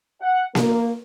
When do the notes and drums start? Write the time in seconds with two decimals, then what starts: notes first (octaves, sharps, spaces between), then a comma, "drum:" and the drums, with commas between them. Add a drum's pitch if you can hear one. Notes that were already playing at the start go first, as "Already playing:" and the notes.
0.21 F#5
0.55 A#3, drum: snare A#3